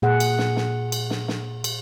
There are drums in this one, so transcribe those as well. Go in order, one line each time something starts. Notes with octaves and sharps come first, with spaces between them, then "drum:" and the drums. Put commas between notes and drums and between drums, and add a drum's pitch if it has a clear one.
A#2 G#4 F#5
drum: cymbal
drum: snare
drum: snare
drum: cymbal
drum: snare
drum: snare
drum: cymbal